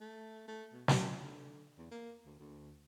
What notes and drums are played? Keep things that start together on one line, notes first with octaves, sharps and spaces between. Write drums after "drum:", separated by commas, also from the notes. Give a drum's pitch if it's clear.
A3
A3
B2
F4, drum: snare
D3
E2
A#3
D2
D2